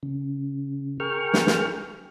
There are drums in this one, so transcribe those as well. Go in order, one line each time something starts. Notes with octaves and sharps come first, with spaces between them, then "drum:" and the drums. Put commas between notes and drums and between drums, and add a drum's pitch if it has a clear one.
C#3
G#4 A#4 G5 C#6 F6
drum: snare
drum: snare